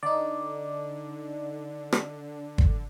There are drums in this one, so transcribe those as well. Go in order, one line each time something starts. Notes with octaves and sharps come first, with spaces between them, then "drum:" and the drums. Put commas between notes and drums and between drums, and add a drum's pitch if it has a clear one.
D3 D#4 D5
drum: rim click
drum: kick G1